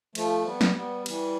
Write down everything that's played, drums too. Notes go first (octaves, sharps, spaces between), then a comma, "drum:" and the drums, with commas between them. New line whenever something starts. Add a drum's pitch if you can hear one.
F3 A3, drum: cymbal
G3 B3
drum: snare
G3 B3
E3 G3, drum: cymbal